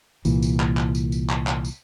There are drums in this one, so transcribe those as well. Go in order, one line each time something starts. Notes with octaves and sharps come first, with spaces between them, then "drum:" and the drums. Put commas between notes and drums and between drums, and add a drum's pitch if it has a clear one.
C2 A#2 E3, drum: tambourine
drum: tambourine
drum: clap
drum: clap
drum: tambourine
drum: tambourine
drum: clap
drum: clap
drum: tambourine